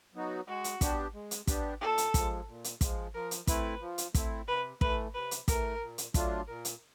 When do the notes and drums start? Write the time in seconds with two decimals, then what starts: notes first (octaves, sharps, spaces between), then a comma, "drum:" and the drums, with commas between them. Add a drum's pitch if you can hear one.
0.14 F#3 B3 D#4 F#4
0.48 G#3 F#4
0.64 drum: hi-hat
0.81 B3 D4 G4, drum: kick, hi-hat
1.14 G#3
1.31 drum: hi-hat
1.47 B3 D4 G4, drum: kick, hi-hat
1.81 A#2 A4
1.98 drum: hi-hat
2.14 F3 G#3, drum: kick, hi-hat
2.48 A#2
2.64 drum: hi-hat
2.81 F3 G#3, drum: kick, hi-hat
3.14 F3 A#4
3.31 drum: hi-hat
3.47 A3 C4 E4 B4, drum: kick, hi-hat
3.81 F3
3.98 drum: hi-hat
4.14 A3 C4 E4, drum: kick, hi-hat
4.47 C3 B4
4.81 E3 A3 B4, drum: kick
5.14 C3 B4
5.31 drum: hi-hat
5.48 E3 A3 A#4, drum: kick, hi-hat
5.81 A#2
5.98 drum: hi-hat
6.14 F#3 A3 D4 F4, drum: kick, hi-hat
6.47 A#2 A#4
6.65 drum: hi-hat